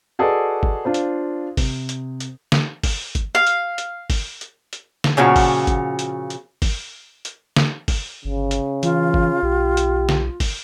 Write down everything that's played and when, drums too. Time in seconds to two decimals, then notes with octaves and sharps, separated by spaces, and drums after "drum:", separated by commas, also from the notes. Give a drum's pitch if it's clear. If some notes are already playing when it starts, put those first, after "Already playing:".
0.19 F#4 G#4 A4 B4 D5 D#5
0.63 drum: kick G1
0.85 D4 F4 C5
0.94 drum: hi-hat
1.57 C3, drum: kick G1, open hi-hat
1.89 drum: hi-hat
2.20 drum: hi-hat
2.52 drum: snare
2.84 drum: kick G1, open hi-hat
3.15 drum: kick G1, hi-hat
3.35 F5
3.47 drum: hi-hat
3.78 drum: hi-hat
4.10 drum: kick G1, open hi-hat
4.41 drum: hi-hat
4.73 drum: hi-hat
5.04 drum: snare
5.17 A#2 C#3 F3 F#4
5.36 drum: kick G1, open hi-hat
5.67 drum: kick G1, hi-hat
5.99 drum: hi-hat
6.30 drum: hi-hat
6.62 drum: kick G1, open hi-hat
7.25 drum: hi-hat
7.56 drum: snare
7.88 drum: kick G1, open hi-hat
8.25 G1 C#3
8.51 drum: hi-hat
8.83 E3 F4, drum: hi-hat
9.14 drum: kick G1
9.42 B1 G4
9.77 drum: hi-hat
10.09 drum: snare
10.40 drum: kick G1, open hi-hat